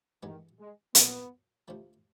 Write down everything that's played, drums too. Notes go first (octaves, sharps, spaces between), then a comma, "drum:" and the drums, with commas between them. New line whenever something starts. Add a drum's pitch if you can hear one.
G2 D#3 E3 G#3 B3
G#3
A#2 F#3 A#3 B3, drum: hi-hat
D2 C3 F3 A3